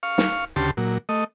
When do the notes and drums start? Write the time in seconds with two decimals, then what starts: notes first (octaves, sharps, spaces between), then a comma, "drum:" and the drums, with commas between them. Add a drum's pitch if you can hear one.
0.03 F5 C#6
0.18 drum: snare
0.56 D2 C#3 G4 A5 C6
0.77 A#2 F#3
1.09 A3 D#5